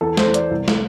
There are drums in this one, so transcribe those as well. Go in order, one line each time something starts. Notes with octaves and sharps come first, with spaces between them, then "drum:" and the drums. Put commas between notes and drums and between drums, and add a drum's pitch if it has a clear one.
E2 A4
C5, drum: snare
E2
D5, drum: hi-hat
C2
drum: snare